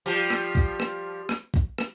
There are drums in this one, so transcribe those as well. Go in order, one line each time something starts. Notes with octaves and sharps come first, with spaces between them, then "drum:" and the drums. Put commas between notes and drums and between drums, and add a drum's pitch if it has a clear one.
F3 G3 G4
drum: rim click
drum: kick
drum: rim click
drum: rim click
drum: kick
drum: rim click